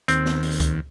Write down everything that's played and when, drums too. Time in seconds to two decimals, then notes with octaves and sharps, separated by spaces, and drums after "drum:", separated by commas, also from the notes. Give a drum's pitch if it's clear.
0.08 D#2 C4, drum: hi-hat
0.25 drum: snare
0.43 drum: open hi-hat
0.60 drum: kick C#2, hi-hat